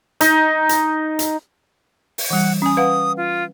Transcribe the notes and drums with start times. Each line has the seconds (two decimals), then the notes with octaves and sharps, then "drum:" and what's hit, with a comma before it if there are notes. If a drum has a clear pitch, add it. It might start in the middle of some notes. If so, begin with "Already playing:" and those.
0.21 D#4, drum: hi-hat
0.69 drum: hi-hat
1.19 drum: hi-hat
2.18 drum: open hi-hat
2.30 E3 G3 F#5
2.62 C#4 G#5 D#6
2.77 B4 F5 F#5
3.17 F4